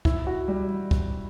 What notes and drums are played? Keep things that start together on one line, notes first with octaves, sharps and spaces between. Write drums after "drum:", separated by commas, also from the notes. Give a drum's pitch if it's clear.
E4, drum: kick
F#4
G3
drum: kick